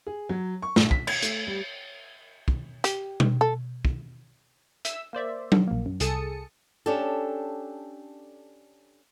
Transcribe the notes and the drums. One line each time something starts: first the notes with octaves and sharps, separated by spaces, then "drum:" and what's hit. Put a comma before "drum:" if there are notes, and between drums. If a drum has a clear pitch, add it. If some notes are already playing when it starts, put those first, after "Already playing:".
G#4
F#3
C#6
A#1, drum: snare
B6, drum: kick
G#6, drum: cymbal
A3, drum: hi-hat
G3
drum: kick
G4, drum: hi-hat
drum: tom B2
A4
drum: kick
E5 E6, drum: hi-hat
A#3 C5 D5 E5
drum: tom F#3
A#1 A#3
F#2
C2 G#4 A4 A5 D#6 C#7, drum: hi-hat
C#4 D4 G4 A4